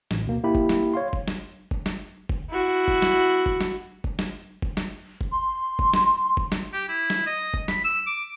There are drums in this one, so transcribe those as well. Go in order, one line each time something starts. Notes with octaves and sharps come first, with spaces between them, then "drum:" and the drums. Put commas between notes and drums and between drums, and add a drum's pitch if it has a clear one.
A1, drum: snare
D2 B2 A#3
A#3 E4 G4 B5
drum: kick
drum: snare
C#5 F5 C6
drum: kick
drum: snare
drum: kick
drum: snare
drum: kick
E4 F#4
drum: kick
drum: snare
drum: kick
drum: snare
drum: kick
drum: snare
drum: kick
drum: snare
drum: kick
C6
drum: kick
drum: snare
drum: kick
drum: snare
G4
E4
drum: snare
D#5
drum: kick
B5, drum: snare
E6
D6